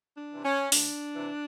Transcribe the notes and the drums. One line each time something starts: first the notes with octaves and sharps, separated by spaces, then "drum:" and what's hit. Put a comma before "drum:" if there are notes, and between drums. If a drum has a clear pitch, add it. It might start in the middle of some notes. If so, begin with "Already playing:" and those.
D4
C3 E3
C#4
D2 D4, drum: open hi-hat
C3 E3